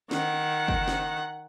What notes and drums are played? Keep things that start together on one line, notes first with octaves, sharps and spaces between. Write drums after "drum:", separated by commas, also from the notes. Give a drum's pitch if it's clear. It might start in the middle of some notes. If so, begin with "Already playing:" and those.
D#3 F#5, drum: snare
drum: kick
drum: snare